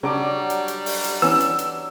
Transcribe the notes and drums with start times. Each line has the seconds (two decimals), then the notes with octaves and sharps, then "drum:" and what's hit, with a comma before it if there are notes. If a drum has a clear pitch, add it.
0.03 C#3 F#3 G3 D4 D6
0.50 drum: hi-hat
0.68 drum: hi-hat
0.86 drum: open hi-hat
1.04 drum: hi-hat
1.22 E3 B3 C#4 E6
1.40 drum: hi-hat
1.59 drum: hi-hat